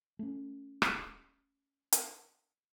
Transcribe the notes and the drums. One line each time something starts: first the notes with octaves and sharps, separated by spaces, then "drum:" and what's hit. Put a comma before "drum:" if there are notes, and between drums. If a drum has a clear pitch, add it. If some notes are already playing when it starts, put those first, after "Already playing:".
A3 C#4
drum: rim click
drum: hi-hat